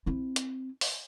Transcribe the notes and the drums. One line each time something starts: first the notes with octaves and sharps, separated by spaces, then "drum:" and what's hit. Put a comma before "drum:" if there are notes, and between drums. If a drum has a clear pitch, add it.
C4 E4
drum: hi-hat
drum: open hi-hat